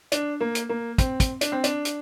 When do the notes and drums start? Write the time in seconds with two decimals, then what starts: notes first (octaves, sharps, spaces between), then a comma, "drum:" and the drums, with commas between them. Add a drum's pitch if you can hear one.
0.12 D4, drum: hi-hat
0.40 A#3
0.55 drum: hi-hat
0.69 A#3
0.98 C4, drum: kick, hi-hat
1.20 drum: kick, hi-hat
1.41 D4, drum: hi-hat
1.52 C4
1.64 D4, drum: hi-hat
1.85 drum: hi-hat